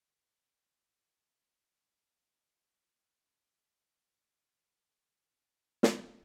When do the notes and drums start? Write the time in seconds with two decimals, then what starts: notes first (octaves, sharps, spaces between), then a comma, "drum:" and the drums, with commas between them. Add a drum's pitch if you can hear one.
0.22 B4 E5
4.37 E2 D#3 C#4 G5
4.58 F#2 D4 D6 D7
4.82 G#3 D4 A#6 D7
5.04 C4 A4 C5
5.40 G4 A4 B4 D5 C#6 D#6
5.83 drum: snare